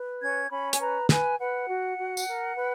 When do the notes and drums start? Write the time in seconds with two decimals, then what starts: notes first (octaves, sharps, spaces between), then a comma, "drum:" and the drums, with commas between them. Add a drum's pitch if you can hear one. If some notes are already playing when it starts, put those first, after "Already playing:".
Already playing: B4
0.21 C#4 G#6
0.50 C#4 B5
0.73 G#5, drum: hi-hat
0.80 B4 A#5
1.09 B4 G#5, drum: snare
1.39 B4 F#5
1.68 F#4
1.97 F#4
2.17 drum: tambourine
2.26 A#4
2.56 B4